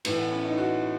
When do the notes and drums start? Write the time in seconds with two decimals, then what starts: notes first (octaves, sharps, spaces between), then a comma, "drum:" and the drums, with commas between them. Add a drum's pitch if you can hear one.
0.05 A2 E3, drum: cymbal
0.17 B3
0.31 C#4
0.45 D#4
0.57 F#4